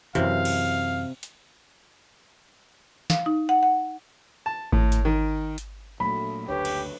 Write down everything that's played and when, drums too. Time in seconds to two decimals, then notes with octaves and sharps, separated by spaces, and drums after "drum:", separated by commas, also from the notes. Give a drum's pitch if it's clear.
0.15 F#2 C3 E3 F5, drum: hi-hat
0.45 drum: cymbal
1.23 drum: hi-hat
3.10 F5, drum: snare
3.26 D#4
3.49 F#5
3.63 F#5
4.46 A5
4.72 A2, drum: kick G#1
4.92 drum: hi-hat
5.05 D#3
5.58 drum: hi-hat
6.00 A#2 F#3 A3 D4 B5
6.49 F#1 D2 D4 G4 B4 C#5
6.65 drum: cymbal